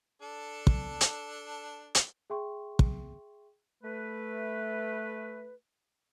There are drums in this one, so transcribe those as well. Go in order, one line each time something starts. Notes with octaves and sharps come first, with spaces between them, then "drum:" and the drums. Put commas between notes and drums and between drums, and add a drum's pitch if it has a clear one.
D4 A4
drum: kick
drum: hi-hat
drum: hi-hat
G#4 E5 G5 C6 C#6
drum: kick
A3 B4